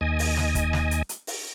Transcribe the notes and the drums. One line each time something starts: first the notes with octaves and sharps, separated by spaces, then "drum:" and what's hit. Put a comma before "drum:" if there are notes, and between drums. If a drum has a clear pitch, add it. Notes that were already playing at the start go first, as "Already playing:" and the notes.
D#2 D#5 G#5
drum: open hi-hat
drum: snare
drum: kick, hi-hat
drum: snare
drum: hi-hat
drum: hi-hat
drum: open hi-hat